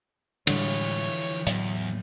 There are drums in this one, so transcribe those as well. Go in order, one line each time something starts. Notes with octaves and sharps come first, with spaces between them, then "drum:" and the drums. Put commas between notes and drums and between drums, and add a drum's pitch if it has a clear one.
A2 D3 E3 F3 G3 G#3 C#5, drum: cymbal
E2 A2 F#3, drum: hi-hat